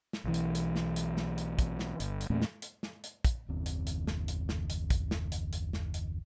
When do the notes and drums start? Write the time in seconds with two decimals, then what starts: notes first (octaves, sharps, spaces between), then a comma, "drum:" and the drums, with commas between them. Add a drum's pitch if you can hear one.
0.13 drum: snare
0.24 B1 E3
0.34 drum: hi-hat
0.55 drum: hi-hat
0.76 drum: snare
0.96 drum: hi-hat
1.17 drum: snare
1.38 drum: hi-hat
1.59 drum: kick, hi-hat
1.79 drum: snare
2.00 G1, drum: hi-hat
2.21 drum: hi-hat
2.30 E2 A#2 A3 C#4
2.42 drum: snare
2.62 drum: hi-hat
2.83 drum: snare
3.04 drum: hi-hat
3.25 drum: kick, hi-hat
3.49 F#1 D#2 C4
3.66 drum: hi-hat
3.87 drum: hi-hat
4.07 drum: snare
4.28 drum: hi-hat
4.49 drum: snare
4.70 drum: hi-hat
4.90 drum: kick, hi-hat
5.11 drum: snare
5.32 drum: hi-hat
5.53 drum: hi-hat
5.73 drum: snare
5.94 drum: hi-hat